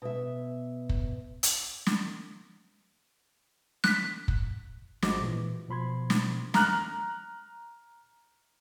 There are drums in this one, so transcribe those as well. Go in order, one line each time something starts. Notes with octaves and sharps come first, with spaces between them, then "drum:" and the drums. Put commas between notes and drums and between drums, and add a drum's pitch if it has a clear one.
B2 E5
drum: kick
drum: hi-hat
drum: snare
F#6 B6, drum: snare
drum: kick
G#1 F3 G#3 F#4 D6 A#6, drum: snare
A#2 E3
B2 F3 B5 C6 G#6
drum: snare
A#5 F6 F#6, drum: snare